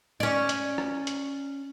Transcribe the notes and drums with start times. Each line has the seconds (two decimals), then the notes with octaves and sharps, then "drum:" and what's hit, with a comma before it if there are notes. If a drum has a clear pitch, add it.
0.20 C#4 D5
0.49 drum: hi-hat
0.78 drum: rim click
1.07 drum: hi-hat